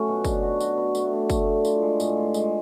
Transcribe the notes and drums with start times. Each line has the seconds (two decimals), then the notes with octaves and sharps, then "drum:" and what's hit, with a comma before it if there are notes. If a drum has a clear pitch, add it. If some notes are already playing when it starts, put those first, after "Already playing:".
Already playing: F#3 A3 C#4
0.08 B2
0.25 D4, drum: kick, tambourine
0.43 F#4
0.61 F#4, drum: tambourine
0.77 B3
0.95 A3, drum: tambourine
1.13 D4
1.30 A3, drum: kick, tambourine
1.47 D4
1.65 F4, drum: tambourine
1.82 G#3
2.00 A2, drum: tambourine
2.17 F4
2.34 G#3, drum: tambourine